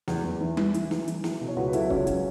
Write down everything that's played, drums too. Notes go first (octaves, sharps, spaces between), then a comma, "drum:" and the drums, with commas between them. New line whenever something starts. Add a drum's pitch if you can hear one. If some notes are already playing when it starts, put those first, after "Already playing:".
E2, drum: snare
E2
E3
E3, drum: tom G3
E3, drum: hi-hat
E3, drum: snare
E3, drum: hi-hat
E3, drum: snare
B2
C#5
C#2 F#4 B4
B4
F#3 E4 A4, drum: hi-hat
C#2 C#4 F#4, drum: kick
F#3, drum: hi-hat